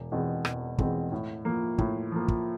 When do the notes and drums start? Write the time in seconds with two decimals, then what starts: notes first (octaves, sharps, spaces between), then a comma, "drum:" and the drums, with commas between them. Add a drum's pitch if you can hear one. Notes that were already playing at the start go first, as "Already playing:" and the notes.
Already playing: E1
0.12 E2 B2 G#3 C4
0.45 E1, drum: rim click
0.78 E2 B2 G#3 C4, drum: kick
1.12 A2
1.45 F3 A#3
1.78 A2, drum: kick
2.12 F3 A#3
2.28 drum: kick